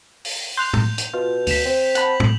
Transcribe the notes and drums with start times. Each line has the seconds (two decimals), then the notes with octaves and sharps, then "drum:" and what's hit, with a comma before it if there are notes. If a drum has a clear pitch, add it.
0.25 drum: open hi-hat
0.57 C6 F#6 G6 F7
0.73 drum: tom
0.98 drum: hi-hat
1.14 B2 F4
1.47 D2 B6 E7 F7, drum: open hi-hat
1.65 C4
1.95 F#5 A5 B5 F#7, drum: hi-hat
2.20 drum: tom